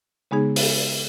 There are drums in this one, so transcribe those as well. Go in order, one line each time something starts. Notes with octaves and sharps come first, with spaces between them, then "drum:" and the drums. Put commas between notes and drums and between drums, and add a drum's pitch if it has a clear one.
C#3 G#3 B3 D#4 G#4
drum: open hi-hat